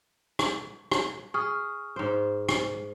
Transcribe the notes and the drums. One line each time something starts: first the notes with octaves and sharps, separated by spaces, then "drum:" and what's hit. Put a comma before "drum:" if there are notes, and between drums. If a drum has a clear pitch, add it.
drum: rim click
drum: rim click
G#4 C#6 D#6 F6
G#2 C5
drum: rim click